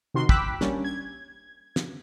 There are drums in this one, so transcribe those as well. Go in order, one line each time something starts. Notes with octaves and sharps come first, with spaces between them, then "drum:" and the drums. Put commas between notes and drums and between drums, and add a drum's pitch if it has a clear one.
C3 D#3 F#4 C6
G5 B5 D6 E6 F#6 B6, drum: kick
G3 A#3 C#4 D4, drum: snare
G#6
drum: snare